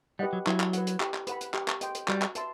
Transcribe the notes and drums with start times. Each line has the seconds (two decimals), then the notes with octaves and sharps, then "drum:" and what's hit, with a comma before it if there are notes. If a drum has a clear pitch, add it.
0.19 G3 G4 B4 D#5 F#5
0.33 F#3
0.47 F#3 E4, drum: clap
0.60 drum: clap
0.73 B4 F#5, drum: hi-hat
0.87 drum: hi-hat
1.00 G4, drum: clap
1.14 drum: clap
1.27 B4 F#5 B5, drum: hi-hat
1.41 drum: hi-hat
1.54 G4, drum: clap
1.68 drum: clap
1.81 D#5 G5 C6, drum: hi-hat
1.95 drum: hi-hat
2.08 G3 F#4, drum: clap
2.22 drum: clap
2.35 B4 E5 A5 C6, drum: hi-hat